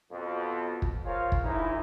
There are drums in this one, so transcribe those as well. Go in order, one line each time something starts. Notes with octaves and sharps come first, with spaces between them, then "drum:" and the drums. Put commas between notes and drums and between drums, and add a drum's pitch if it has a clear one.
F2 B2
drum: kick
F4 G#4 A#4 C5 C#5 F5
drum: kick
G1 E3 D#4 E4